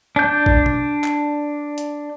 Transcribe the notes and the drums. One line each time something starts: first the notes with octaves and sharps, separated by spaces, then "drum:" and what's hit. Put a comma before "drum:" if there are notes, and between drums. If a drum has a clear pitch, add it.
D4 G6
drum: kick A1
drum: tom
drum: clap
drum: hi-hat